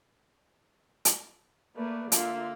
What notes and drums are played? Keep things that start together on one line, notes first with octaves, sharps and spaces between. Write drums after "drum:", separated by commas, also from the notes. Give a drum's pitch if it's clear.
drum: hi-hat
A3 A#3 B4 D5
D3 A#3 F4 E5, drum: hi-hat